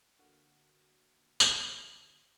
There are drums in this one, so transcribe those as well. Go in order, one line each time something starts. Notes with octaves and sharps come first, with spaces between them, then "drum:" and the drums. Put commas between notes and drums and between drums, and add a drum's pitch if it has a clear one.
D3 A#3 F#4 F6 F#6
drum: tambourine